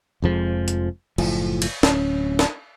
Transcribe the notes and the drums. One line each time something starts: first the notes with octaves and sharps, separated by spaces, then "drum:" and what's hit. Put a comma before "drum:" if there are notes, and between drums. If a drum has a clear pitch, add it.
F1 F2 F3 G#3
drum: hi-hat
F#1 A2 F3, drum: cymbal
drum: cymbal
D1 C#4, drum: snare
drum: snare